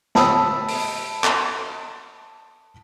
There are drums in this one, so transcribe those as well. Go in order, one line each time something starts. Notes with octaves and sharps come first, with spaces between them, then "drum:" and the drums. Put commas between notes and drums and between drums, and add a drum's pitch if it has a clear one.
A5 B5 D#6 E6, drum: snare
drum: open hi-hat
drum: clap